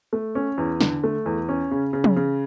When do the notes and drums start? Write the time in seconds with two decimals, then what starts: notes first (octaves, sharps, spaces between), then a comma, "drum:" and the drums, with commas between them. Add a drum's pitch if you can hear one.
0.13 A3
0.35 C#4
0.58 E2
0.81 D3, drum: snare
1.04 A3
1.26 E2
1.49 C#4
1.71 C#3
1.93 C#3
2.04 drum: tom
2.16 C#3